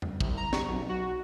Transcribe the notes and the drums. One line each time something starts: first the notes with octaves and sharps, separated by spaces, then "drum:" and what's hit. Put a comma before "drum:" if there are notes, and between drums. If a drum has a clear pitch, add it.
drum: tom F2
C2, drum: kick
A#5
C#6, drum: snare
B1
F#4